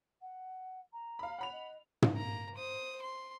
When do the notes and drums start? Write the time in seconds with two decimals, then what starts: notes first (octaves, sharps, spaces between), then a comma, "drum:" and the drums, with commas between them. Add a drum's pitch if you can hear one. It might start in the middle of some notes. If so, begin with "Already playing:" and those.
0.21 F#5
0.92 A#5
1.19 F5 B5
1.39 C#5 F#5 B5 F7
1.52 D#5
2.02 drum: tom
2.16 A#3 A#5
2.55 C5 D#6
3.02 C6